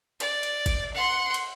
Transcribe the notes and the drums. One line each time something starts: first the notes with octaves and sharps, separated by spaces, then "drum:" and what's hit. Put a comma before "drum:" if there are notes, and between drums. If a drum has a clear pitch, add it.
D5, drum: cymbal
drum: cymbal
drum: kick G1, cymbal
F#5 C6
drum: cymbal